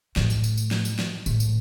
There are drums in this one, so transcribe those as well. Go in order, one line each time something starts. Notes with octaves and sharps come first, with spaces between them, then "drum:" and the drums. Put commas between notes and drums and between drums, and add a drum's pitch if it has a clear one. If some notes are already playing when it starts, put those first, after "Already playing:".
A2, drum: snare
drum: tambourine
drum: tambourine
drum: tambourine
drum: snare
drum: tambourine
drum: snare
A2, drum: tambourine
drum: tambourine